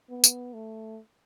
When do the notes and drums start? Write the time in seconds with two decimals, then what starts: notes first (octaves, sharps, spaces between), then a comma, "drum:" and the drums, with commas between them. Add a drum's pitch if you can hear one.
0.10 B3
0.24 drum: tambourine
0.54 A3